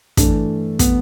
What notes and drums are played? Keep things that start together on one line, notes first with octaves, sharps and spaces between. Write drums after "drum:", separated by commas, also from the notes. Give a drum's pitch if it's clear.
G2 E3 A3 D4, drum: kick, hi-hat
B3, drum: kick, hi-hat